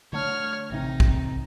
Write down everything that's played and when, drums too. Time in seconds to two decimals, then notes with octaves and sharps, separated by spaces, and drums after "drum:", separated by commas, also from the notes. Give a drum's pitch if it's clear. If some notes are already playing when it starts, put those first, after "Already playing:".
0.13 D3 A3 C#5 F6
0.71 A1 C3 C4 D#4
1.00 drum: kick B1